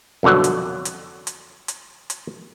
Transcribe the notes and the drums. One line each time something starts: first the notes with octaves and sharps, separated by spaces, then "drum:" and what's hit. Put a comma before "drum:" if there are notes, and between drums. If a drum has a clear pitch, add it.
C2 F2 B2 D3 F#3
drum: hi-hat
drum: hi-hat
drum: hi-hat
drum: hi-hat
drum: hi-hat